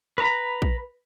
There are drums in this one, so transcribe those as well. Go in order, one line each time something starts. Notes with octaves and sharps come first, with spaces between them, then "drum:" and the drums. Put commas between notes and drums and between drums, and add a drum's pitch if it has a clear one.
B4 A#5 B5
drum: kick A#1